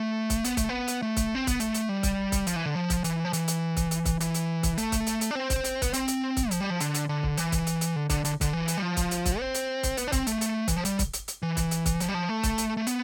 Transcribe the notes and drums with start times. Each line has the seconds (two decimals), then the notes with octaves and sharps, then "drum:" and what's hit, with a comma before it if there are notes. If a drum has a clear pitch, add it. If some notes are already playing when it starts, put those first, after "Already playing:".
Already playing: A3
0.30 drum: kick, hi-hat
0.44 B3, drum: hi-hat
0.57 A3, drum: kick, hi-hat
0.69 B3
0.88 drum: hi-hat
1.02 A3
1.16 drum: kick, hi-hat
1.35 C4
1.47 B3, drum: kick, hi-hat
1.60 A3, drum: hi-hat
1.74 drum: hi-hat
1.89 G3
2.03 drum: kick, hi-hat
2.32 drum: kick, hi-hat
2.47 F3, drum: hi-hat
2.56 E3
2.66 D3
2.75 F3
2.90 drum: kick, hi-hat
3.04 E3, drum: hi-hat
3.25 F3
3.33 E3, drum: hi-hat
3.48 drum: hi-hat
3.77 drum: kick, hi-hat
3.91 drum: hi-hat
4.05 drum: kick, hi-hat
4.20 E3, drum: hi-hat
4.34 drum: hi-hat
4.63 drum: kick, hi-hat
4.78 A3, drum: hi-hat
4.92 drum: kick, hi-hat
5.07 drum: hi-hat
5.21 drum: hi-hat
5.31 D4
5.35 C4
5.50 drum: kick, hi-hat
5.64 drum: hi-hat
5.82 B3, drum: kick, hi-hat
5.93 C4, drum: hi-hat
6.08 drum: hi-hat
6.37 drum: kick, hi-hat
6.51 F3, drum: hi-hat
6.60 G3
6.70 F3
6.80 D3, drum: hi-hat
6.94 drum: hi-hat
7.09 D3
7.23 drum: kick
7.37 E3, drum: hi-hat
7.52 drum: kick, hi-hat
7.67 drum: hi-hat
7.81 drum: hi-hat
7.96 D3
8.09 D3, drum: kick, hi-hat
8.25 D3, drum: hi-hat
8.41 D3, drum: kick, hi-hat
8.53 E3
8.68 drum: hi-hat
8.77 G3
8.82 F3
8.97 drum: kick, hi-hat
9.11 drum: hi-hat
9.26 drum: kick, hi-hat
9.40 C4
9.54 drum: hi-hat
9.83 drum: kick, hi-hat
9.97 B3, drum: hi-hat
10.08 D4
10.12 C4, drum: kick, hi-hat
10.27 A3, drum: hi-hat
10.41 drum: hi-hat
10.68 E3, drum: kick, hi-hat
10.76 F3
10.85 G3, drum: hi-hat
10.99 drum: kick, hi-hat
11.13 drum: hi-hat
11.28 drum: hi-hat
11.43 E3
11.57 drum: kick, hi-hat
11.71 drum: hi-hat
11.86 drum: kick, hi-hat
12.00 F3, drum: hi-hat
12.08 G3
12.14 F3
12.29 A3
12.43 drum: kick, hi-hat
12.58 drum: hi-hat
12.77 A3
12.87 B3, drum: hi-hat